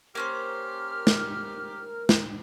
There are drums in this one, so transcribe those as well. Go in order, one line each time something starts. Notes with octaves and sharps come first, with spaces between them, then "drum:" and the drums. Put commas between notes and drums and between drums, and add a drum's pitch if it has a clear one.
A#3 C#4 G4 A#4 C5 F6
drum: snare
drum: snare